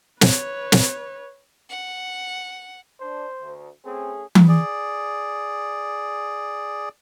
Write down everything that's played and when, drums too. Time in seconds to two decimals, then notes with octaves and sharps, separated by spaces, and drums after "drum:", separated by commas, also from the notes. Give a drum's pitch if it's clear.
0.21 B4 C#5, drum: snare
0.72 drum: snare
1.70 F#5
3.01 D4 C5
3.41 D2
3.85 A3 C4 C#4 G#4
4.35 drum: tom E3
4.48 G#4 D5